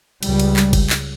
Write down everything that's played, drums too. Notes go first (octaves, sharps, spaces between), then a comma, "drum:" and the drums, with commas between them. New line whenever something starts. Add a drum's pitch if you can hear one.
C#2 C#3 G3, drum: cymbal
drum: cymbal
drum: clap
drum: kick G1, cymbal
drum: clap